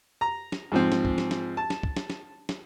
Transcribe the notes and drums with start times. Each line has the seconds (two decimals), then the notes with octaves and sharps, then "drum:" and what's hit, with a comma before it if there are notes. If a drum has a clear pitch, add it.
0.21 A#5
0.52 drum: snare
0.72 G#2 F3 C4
0.92 drum: snare
1.05 drum: kick
1.18 drum: snare
1.31 drum: snare
1.57 A5
1.70 drum: snare
1.83 drum: kick
1.97 drum: snare
2.10 drum: snare
2.49 drum: snare